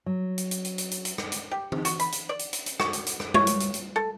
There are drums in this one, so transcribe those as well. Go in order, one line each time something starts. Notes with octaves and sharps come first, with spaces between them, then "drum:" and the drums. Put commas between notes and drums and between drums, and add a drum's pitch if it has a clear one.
F#3
drum: hi-hat
drum: hi-hat
drum: hi-hat
drum: hi-hat
drum: hi-hat
drum: hi-hat
drum: rim click
drum: hi-hat
G4
drum: tom
F#4, drum: hi-hat
B5, drum: hi-hat
drum: hi-hat
D5
drum: hi-hat
drum: hi-hat
drum: hi-hat
F#4, drum: rim click
drum: hi-hat
drum: hi-hat
drum: rim click
C#5, drum: tom G3
drum: hi-hat
drum: hi-hat
drum: hi-hat
A4